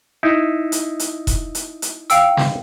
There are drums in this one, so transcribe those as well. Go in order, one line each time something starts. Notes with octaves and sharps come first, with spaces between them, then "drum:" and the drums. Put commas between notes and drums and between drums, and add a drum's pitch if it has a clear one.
D#4 E4
drum: hi-hat
drum: hi-hat
drum: kick E1, hi-hat
drum: hi-hat
drum: hi-hat
F5 G5 E6, drum: hi-hat
drum: snare